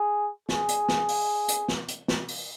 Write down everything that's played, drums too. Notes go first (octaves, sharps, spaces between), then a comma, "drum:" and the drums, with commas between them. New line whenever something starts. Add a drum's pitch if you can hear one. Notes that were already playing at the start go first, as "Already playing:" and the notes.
Already playing: G#4
G#4, drum: snare
drum: hi-hat
drum: snare
drum: open hi-hat
drum: hi-hat
drum: snare
drum: hi-hat
drum: snare
drum: open hi-hat